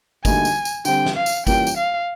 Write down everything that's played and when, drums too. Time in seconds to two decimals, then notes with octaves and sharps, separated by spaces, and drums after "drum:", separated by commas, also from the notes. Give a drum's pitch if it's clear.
0.25 D2 D3 G3 A#3 D#4 G#5, drum: kick G1, tambourine
0.45 drum: tambourine
0.65 drum: tambourine
0.85 D3 G3 C4 G5, drum: tambourine
1.06 drum: snare
1.16 F5
1.26 drum: tambourine
1.47 E3 G3 A#3 C#4 F4 G5, drum: kick G1, tambourine
1.67 drum: tambourine
1.77 F5